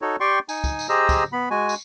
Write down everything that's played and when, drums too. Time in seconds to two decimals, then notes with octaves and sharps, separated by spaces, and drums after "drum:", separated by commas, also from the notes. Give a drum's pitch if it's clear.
0.02 D#4 F#4 A4 C#5
0.20 G4 D5 G5 C6 C#6
0.49 D#4 G#5, drum: tambourine
0.64 drum: kick, tambourine
0.79 drum: tambourine
0.89 G4 G#4 C5 D#5 A#5 E6
1.09 drum: kick, tambourine
1.32 B3 B5
1.51 G#3 F#4 G#5
1.69 drum: tambourine